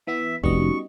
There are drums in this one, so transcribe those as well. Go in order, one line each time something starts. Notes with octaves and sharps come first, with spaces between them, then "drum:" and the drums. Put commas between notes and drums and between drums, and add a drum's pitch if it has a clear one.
E3 B3 E4 E5
F1 G3 B3 C#4 D#4 F#4 D#5 C#6, drum: kick